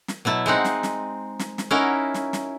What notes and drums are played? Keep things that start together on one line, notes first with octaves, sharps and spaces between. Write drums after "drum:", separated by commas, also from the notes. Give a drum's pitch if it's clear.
drum: snare
B2 F#3 E4 A5
G#3 C4 D#4 F#5
drum: snare
drum: snare
drum: snare
drum: snare
C#4 D#4 E4 F#4 A#4
drum: snare
drum: snare